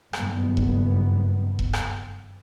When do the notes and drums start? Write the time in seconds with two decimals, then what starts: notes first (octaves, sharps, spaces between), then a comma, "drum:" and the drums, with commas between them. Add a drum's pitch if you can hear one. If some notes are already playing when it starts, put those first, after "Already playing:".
0.13 F#1 G2 D#3 B3, drum: rim click
0.57 drum: kick E1
1.59 drum: kick E1
1.73 drum: rim click